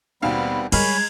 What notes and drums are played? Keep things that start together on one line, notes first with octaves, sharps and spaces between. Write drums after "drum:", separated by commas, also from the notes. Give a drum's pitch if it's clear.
D#2 B2 G3 B3 C4 F5 B5
G3 G#3 A#4 C#5 G#5 B5 F6 G#6, drum: cymbal